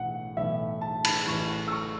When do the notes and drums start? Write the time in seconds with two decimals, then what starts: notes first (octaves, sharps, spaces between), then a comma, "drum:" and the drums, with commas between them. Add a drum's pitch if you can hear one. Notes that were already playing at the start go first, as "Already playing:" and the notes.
Already playing: B1 A2 E3 F#5
0.36 B1 A2 E3 E5
0.81 A5
1.04 B5, drum: cymbal
1.26 A1 A2 E3 C#6
1.68 E6
1.72 C#6